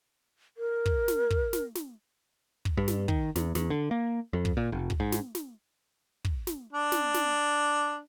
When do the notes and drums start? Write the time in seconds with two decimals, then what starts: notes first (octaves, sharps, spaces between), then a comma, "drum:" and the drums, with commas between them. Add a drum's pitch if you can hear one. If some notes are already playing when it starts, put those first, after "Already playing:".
0.57 A#4
0.86 drum: kick
1.08 drum: snare
1.30 drum: kick
1.53 drum: snare
1.75 drum: snare
2.65 drum: kick
2.77 G2
2.88 drum: snare
3.08 D#3, drum: kick
3.36 E2, drum: snare
3.55 E2, drum: snare
3.70 D3
3.91 A#3
4.33 F2
4.45 drum: kick
4.57 A#2
4.72 F1
4.90 drum: kick
5.00 G#2
5.12 drum: snare
5.35 drum: snare
6.25 drum: kick
6.47 drum: snare
6.73 D4
6.92 drum: snare
7.14 drum: snare